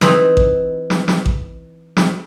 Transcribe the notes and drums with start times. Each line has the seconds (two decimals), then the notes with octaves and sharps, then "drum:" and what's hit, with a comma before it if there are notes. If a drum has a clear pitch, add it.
0.01 E3 C4 D#4, drum: snare
0.37 drum: kick A1
0.90 drum: snare
1.08 drum: snare
1.26 drum: kick A1
1.97 drum: snare